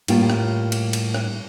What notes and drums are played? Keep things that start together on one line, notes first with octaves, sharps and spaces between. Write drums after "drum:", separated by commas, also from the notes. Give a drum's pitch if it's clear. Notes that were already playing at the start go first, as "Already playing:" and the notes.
A2 G3 A#3 E4 F4 G5, drum: cymbal
drum: rim click
drum: cymbal
drum: cymbal
drum: rim click